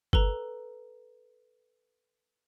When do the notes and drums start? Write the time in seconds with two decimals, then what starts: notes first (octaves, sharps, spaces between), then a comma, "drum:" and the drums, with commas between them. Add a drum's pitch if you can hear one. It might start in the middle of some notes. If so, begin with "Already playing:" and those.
0.13 A4 B4 A#5, drum: kick G1